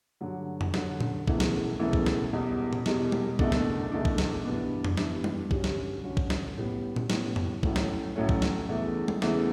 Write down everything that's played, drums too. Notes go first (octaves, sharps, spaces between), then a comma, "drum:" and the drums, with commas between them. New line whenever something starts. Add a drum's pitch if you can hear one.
G2 D3 F#3
drum: tom F2
G2 D3 F#3, drum: snare
drum: tom A#2
E1 E2 C#3 E3 A3, drum: kick A#1
drum: snare
E1 E2 C#3 E3 A3
drum: kick A#1
drum: snare
E1 E2 B2 G3
drum: tom A#2
E1 E2 B2 G3, drum: snare
drum: tom G3
F#1 E2 B2 A3 D4, drum: kick A#1
drum: snare
F#1 E2 B2 A3 D4
drum: kick A#1
drum: snare
G2 E3 B3 D4
drum: tom F2
G2 E3 B3 D4, drum: snare
drum: tom G3
G2 D3 G3 C#4 F#4, drum: kick A#1
drum: snare
G2 D3 G3 C#4 F#4
drum: kick A#1
drum: snare
A1 A2 G3 B3
drum: tom A#2
A1 A2 G3 B3, drum: snare
drum: tom F2
A1 A2 F#3 A3 C#4, drum: kick A#1
drum: snare
A1 A2 F#3 A3 C#4
drum: kick A#1
drum: snare
E2 C#3 E3 A3
drum: tom G3
E2 C#3 E3 A3, drum: snare